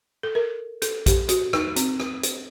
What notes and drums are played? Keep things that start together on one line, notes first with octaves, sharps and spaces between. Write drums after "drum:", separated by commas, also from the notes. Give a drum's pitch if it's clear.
A4
A#4
A4, drum: hi-hat
G4, drum: kick A#1, hi-hat
F#4, drum: hi-hat
D#4, drum: rim click
C4, drum: hi-hat
drum: rim click
drum: hi-hat